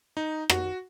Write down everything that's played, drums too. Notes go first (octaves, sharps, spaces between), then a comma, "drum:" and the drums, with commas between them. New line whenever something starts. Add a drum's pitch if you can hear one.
D#4
F#4, drum: rim click